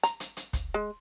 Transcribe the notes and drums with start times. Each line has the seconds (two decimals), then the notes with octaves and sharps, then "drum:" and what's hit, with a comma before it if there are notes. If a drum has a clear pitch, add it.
0.03 A#5, drum: hi-hat
0.20 drum: hi-hat
0.37 drum: hi-hat
0.53 drum: kick, hi-hat
0.74 G#3